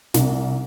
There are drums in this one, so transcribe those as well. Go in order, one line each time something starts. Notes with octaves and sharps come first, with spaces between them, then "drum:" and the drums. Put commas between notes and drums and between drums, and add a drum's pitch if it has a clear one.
C2, drum: snare